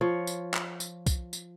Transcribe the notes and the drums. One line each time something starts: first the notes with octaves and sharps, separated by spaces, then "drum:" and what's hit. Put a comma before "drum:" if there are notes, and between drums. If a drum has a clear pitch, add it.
F3 C#5
drum: tambourine
drum: clap
drum: tambourine
drum: kick, tambourine
drum: tambourine